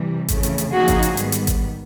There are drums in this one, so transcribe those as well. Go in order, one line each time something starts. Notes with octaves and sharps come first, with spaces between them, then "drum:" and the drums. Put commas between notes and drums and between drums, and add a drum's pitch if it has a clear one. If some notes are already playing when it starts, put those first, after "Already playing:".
Already playing: C3 E3 G3
F2 C#3 E3 A3, drum: kick G#1, hi-hat
drum: hi-hat
drum: hi-hat
C#3 F3 A#3 D#4 F#4 G#4
drum: kick G#1, hi-hat
drum: hi-hat
G#2 D#3 G3 B3, drum: hi-hat
drum: hi-hat
drum: kick G#1, hi-hat